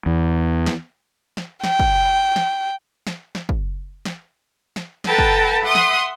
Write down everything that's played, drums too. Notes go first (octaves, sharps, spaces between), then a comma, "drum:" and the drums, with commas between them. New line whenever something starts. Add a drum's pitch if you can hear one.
E2
drum: snare
drum: snare
G5, drum: snare
drum: kick
drum: snare
drum: snare
drum: snare
drum: kick
drum: snare
drum: snare
A4 B4 F#5 G5 A5 A#5, drum: snare
drum: kick
E5 F#5 C6 D#6
drum: snare